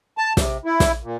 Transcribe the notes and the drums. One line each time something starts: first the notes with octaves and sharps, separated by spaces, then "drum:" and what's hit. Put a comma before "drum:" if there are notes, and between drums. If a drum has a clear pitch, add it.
A5
C3, drum: snare
E4
drum: snare
A#2